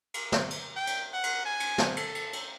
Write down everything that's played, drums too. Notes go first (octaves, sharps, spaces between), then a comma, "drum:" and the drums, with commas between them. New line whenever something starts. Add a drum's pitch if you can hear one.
drum: cymbal
drum: snare
drum: cymbal
G5
drum: cymbal
F#5
drum: cymbal
G#5
drum: cymbal
drum: snare
A4, drum: cymbal
drum: cymbal
drum: cymbal